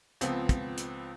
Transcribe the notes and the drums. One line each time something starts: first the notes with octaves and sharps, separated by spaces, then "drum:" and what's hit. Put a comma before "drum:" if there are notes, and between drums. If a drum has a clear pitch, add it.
C#2 F3 B3 C4, drum: hi-hat
drum: kick, hi-hat
drum: hi-hat